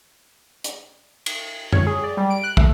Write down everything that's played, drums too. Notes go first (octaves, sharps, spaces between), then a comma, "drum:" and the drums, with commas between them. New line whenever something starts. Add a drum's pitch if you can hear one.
drum: hi-hat
drum: cymbal
C#5, drum: tom F#2
G#4
D5
G3
D7
F#6
A3, drum: kick